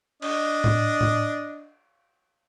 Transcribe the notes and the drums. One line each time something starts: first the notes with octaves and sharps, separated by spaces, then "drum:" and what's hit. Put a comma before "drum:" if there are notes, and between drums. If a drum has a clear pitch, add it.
D4 D#5, drum: cymbal
drum: tom A2
drum: tom A2